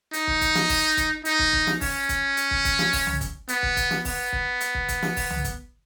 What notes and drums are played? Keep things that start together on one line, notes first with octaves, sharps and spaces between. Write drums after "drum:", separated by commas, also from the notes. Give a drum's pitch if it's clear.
D#4, drum: hi-hat
drum: kick
drum: kick, hi-hat
drum: snare
drum: kick, open hi-hat
drum: kick, hi-hat
D#4, drum: hi-hat
drum: kick
drum: kick
drum: snare
C#4, drum: kick, open hi-hat
drum: kick, hi-hat
drum: hi-hat
drum: kick
drum: kick, hi-hat
drum: snare
drum: kick, open hi-hat
drum: tom C2
drum: kick, hi-hat
B3, drum: hi-hat
drum: kick
drum: kick, hi-hat
drum: snare
B3, drum: kick, open hi-hat
drum: kick
drum: hi-hat
drum: kick
drum: kick, hi-hat
drum: snare
drum: kick, open hi-hat
drum: tom C2
drum: kick, hi-hat